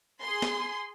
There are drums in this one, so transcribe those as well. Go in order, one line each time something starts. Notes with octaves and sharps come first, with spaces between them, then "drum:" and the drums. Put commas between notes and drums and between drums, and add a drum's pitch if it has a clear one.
G#4 C6
drum: snare